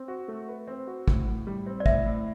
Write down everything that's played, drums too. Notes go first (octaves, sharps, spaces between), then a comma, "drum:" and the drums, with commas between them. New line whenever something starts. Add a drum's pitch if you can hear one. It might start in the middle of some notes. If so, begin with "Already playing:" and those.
Already playing: C4
F#4
A3
B4
C4
F#4
A2, drum: kick
A2
G3
C4
D5
A2 E5, drum: kick
A2